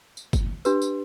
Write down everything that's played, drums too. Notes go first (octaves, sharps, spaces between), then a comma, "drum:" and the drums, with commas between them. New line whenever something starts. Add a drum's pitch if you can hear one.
drum: tambourine
drum: kick G1, tambourine
D4 G4 B4, drum: tambourine
drum: tambourine